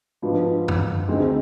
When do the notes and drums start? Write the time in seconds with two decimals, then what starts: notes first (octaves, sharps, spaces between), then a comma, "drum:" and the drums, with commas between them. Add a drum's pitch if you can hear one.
0.22 G#2 F3 B3 D4
0.68 drum: tom F#2
1.09 D2 D3 G#3 C4 D#4